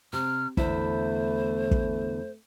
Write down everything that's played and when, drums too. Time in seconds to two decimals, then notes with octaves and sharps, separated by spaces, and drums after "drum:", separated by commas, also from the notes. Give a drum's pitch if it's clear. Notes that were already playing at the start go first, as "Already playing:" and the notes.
0.13 C3 F6
0.57 E2 D3 A3 E4 C5, drum: kick
1.71 drum: kick